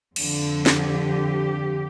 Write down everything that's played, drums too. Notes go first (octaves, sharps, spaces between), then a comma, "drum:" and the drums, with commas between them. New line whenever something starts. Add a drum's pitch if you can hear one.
F2 D3 F3, drum: cymbal
G4, drum: snare